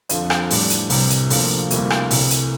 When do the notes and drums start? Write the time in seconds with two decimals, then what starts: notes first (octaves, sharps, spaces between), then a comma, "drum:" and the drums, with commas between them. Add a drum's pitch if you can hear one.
0.09 F2 D3 F3, drum: hi-hat
0.30 drum: rim click
0.50 A2 E3 G3 D4, drum: open hi-hat
0.70 drum: hi-hat
0.90 C2 C3 E3 G3, drum: open hi-hat
1.10 drum: hi-hat
1.30 D2 D3 F3 A#3, drum: open hi-hat
1.70 D2 C3 G3 A#3 E4, drum: hi-hat
1.90 drum: rim click
2.10 C2 C3 E3 A3, drum: open hi-hat
2.30 drum: hi-hat